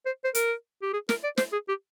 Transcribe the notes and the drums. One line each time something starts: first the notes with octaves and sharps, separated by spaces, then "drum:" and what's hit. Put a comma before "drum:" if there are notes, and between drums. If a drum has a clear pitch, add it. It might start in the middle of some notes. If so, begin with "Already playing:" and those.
C5
C5
A#4, drum: hi-hat
G4
G#4
A#4, drum: snare
D5
C5, drum: snare
G#4
G4